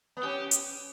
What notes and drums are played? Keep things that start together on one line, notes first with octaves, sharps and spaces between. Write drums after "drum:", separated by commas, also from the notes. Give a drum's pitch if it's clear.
B3
C#4 G4
drum: hi-hat